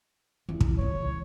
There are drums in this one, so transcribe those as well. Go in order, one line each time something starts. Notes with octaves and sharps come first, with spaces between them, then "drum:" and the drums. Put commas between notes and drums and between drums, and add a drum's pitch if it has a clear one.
E2
drum: kick
C#2 E3 C#5